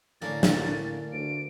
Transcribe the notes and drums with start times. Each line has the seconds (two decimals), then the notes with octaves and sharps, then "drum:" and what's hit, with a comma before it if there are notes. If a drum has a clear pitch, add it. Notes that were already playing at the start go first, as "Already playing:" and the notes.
0.22 A2 D3 A#3 C#4 D4 A6
0.43 drum: snare
1.13 D2 D7